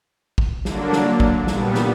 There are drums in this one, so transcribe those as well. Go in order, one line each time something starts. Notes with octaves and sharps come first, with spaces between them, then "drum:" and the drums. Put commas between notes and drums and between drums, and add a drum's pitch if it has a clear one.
drum: kick
D3 F#3 A#3 D4, drum: snare
drum: snare
drum: kick
A#2 G3 B3, drum: snare
drum: snare